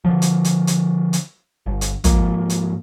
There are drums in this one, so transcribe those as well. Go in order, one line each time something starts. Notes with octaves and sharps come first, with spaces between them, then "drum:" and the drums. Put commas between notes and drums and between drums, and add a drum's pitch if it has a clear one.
D3 F3
drum: hi-hat
drum: hi-hat
drum: hi-hat
drum: hi-hat
G1
drum: hi-hat
G#2 F3 A#3, drum: kick, hi-hat
drum: hi-hat